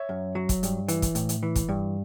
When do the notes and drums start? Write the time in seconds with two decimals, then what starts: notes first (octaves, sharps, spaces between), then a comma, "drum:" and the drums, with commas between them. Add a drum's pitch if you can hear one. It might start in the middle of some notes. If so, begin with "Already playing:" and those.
Already playing: C#5 E5
0.09 F#2
0.35 F#3
0.49 drum: kick, hi-hat
0.63 G2, drum: hi-hat
0.88 E3, drum: hi-hat
1.02 drum: kick, hi-hat
1.15 A2, drum: hi-hat
1.29 drum: hi-hat
1.43 E3
1.56 drum: kick, hi-hat
1.69 G2